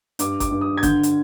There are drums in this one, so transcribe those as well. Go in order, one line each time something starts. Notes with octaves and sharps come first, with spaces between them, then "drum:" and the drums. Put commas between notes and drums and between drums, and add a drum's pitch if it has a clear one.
G2 D6, drum: hi-hat
D6, drum: kick G1, hi-hat
G2
D#6
G#6
D3 G6, drum: kick G1, hi-hat
drum: hi-hat